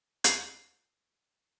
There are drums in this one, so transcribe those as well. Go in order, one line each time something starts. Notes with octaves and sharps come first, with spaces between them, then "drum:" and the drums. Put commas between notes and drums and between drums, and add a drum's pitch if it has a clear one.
G6 C7 F#7, drum: hi-hat